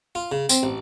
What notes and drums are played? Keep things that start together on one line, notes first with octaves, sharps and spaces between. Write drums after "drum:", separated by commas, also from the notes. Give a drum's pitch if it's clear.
F4
C#3
C4, drum: tambourine
A1